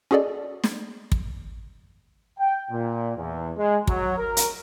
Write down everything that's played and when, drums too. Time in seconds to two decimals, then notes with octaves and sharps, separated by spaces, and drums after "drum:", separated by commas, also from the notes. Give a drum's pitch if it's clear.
0.11 C#4 F#4 G#4 A4 D5 D#5
0.64 drum: snare
1.12 drum: kick
2.38 G5
2.71 A#2
3.17 E2
3.57 G#3
3.87 F#3, drum: kick
4.17 A#4
4.37 drum: hi-hat